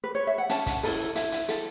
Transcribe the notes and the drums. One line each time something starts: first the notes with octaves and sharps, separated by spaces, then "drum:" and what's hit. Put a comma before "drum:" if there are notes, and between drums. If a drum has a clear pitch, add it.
B4
C#5
E5
F#5
C#4 A5, drum: hi-hat
drum: kick, hi-hat
E4 A4, drum: open hi-hat
E4, drum: hi-hat
drum: hi-hat
A4, drum: hi-hat